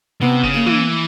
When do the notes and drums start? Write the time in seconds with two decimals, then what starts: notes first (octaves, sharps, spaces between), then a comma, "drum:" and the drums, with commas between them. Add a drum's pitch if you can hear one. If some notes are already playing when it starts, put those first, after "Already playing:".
0.21 C3 B3
0.43 C#3, drum: kick F1
0.54 A#3
0.66 E3, drum: tom